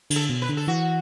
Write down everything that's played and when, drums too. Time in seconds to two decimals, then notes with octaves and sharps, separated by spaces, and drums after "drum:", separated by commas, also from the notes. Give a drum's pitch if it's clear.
0.10 D3, drum: cymbal
0.16 A4
0.29 B2
0.42 B4
0.49 D3
0.57 A4
0.67 E3 F#4